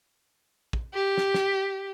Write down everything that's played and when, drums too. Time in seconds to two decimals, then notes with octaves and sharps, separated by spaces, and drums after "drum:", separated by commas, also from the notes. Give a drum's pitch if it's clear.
0.73 drum: kick
0.94 G4
1.18 drum: snare
1.34 drum: snare